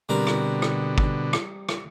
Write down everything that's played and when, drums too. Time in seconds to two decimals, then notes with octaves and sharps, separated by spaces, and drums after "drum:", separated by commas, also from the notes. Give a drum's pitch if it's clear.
0.09 B2 D3 G3 C4 A#4
0.27 drum: rim click
0.62 drum: rim click
0.98 drum: kick
1.33 drum: rim click
1.69 drum: rim click